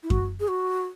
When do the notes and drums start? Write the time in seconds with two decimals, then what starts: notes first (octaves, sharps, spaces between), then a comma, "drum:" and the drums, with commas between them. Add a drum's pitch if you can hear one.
0.03 E4
0.10 F#4, drum: kick F#2
0.40 G#4
0.48 F#4